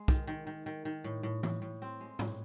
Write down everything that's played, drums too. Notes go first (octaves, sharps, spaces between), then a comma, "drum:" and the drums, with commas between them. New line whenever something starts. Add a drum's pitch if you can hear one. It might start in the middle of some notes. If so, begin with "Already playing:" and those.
Already playing: G#3
D#3, drum: kick
D#3
D#3
D#3
D#3
A2
A2
A2, drum: tom E3
A2
C4
G#3
A2, drum: tom